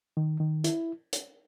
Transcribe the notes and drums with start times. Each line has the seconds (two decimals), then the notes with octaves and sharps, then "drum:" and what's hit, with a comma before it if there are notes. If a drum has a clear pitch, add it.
0.17 D#3
0.40 D#3
0.64 E4, drum: hi-hat
1.13 drum: hi-hat